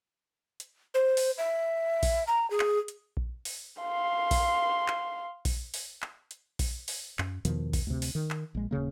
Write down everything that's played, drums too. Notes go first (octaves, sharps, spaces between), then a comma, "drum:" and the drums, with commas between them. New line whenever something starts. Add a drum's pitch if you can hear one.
drum: hi-hat
C5
drum: open hi-hat
E5
drum: kick A#1, open hi-hat
A#5
G#4
drum: clap
drum: hi-hat
drum: kick A#1
drum: open hi-hat
F5 C6
drum: kick A#1, open hi-hat
drum: clap
drum: kick A#1, open hi-hat
drum: open hi-hat
drum: clap
drum: hi-hat
drum: kick A#1, open hi-hat
drum: open hi-hat
F#2, drum: clap
E2 B2 D#3 F3, drum: hi-hat
drum: kick A#1, open hi-hat
D2 C3
drum: open hi-hat
D#3
drum: clap
A#1 G#3
D#1 D#2 C#3 A#3